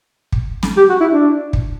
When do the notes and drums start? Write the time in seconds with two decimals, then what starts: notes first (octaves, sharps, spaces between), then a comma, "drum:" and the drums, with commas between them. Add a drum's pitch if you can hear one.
0.32 drum: kick
0.63 drum: snare
0.77 G4
0.90 F#4
1.00 E4
1.12 D4
1.53 drum: kick